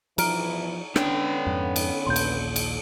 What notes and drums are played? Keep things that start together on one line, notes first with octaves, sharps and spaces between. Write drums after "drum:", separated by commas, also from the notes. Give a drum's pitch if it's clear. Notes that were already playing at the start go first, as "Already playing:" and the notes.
G2 B2 E3 F3 A#5 F6 D7, drum: cymbal
D3 B3 C#4 D4 G5, drum: rim click
F2 G#2
drum: cymbal
A#1 D#2 A#2 C6 G6
drum: cymbal
drum: cymbal